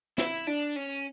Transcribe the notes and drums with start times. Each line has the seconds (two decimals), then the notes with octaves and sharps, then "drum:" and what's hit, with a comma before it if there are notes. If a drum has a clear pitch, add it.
0.18 E4, drum: snare
0.47 D4
0.76 C#4